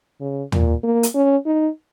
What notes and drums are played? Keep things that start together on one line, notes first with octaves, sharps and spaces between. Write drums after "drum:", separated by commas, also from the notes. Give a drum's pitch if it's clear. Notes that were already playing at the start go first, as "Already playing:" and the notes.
C#3
A#2, drum: tom
A#3
drum: hi-hat
C#4
D#4